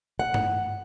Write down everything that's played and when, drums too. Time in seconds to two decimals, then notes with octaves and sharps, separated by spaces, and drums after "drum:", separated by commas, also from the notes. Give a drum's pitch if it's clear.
0.19 F#5
0.34 drum: tom G2